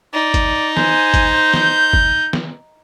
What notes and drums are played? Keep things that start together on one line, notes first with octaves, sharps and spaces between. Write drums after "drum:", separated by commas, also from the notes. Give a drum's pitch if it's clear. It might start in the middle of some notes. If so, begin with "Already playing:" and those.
D#4 D5
drum: kick, hi-hat
C5 G#5, drum: snare
drum: kick, hi-hat
G6
drum: snare
drum: kick
drum: snare